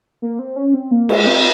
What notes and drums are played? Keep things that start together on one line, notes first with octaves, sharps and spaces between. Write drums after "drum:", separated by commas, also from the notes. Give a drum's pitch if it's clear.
A#3
C4
C#4
C4
A#3
G#3, drum: cymbal
C4